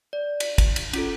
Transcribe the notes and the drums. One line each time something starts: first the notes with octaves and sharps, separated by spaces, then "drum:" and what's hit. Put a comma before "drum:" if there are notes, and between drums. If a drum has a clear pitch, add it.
D5
drum: cymbal
drum: kick, cymbal
drum: cymbal
C#4 F4 A4, drum: cymbal